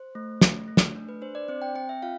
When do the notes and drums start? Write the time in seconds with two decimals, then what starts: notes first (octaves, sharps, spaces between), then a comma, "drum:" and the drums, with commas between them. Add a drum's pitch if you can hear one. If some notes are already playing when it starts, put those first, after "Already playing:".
Already playing: C5
0.15 A3
0.41 A3, drum: snare
0.68 A3
0.77 drum: snare
0.95 D4
1.09 B4
1.22 D4 C5
1.35 D5
1.48 C4 C5
1.62 G5
1.75 C4 G5
1.89 E5
2.02 F4 F5